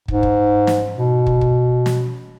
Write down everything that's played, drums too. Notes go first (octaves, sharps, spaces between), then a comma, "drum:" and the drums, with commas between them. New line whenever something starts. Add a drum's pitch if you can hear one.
G#2, drum: kick
drum: kick
drum: snare
B2
drum: kick
drum: kick
drum: snare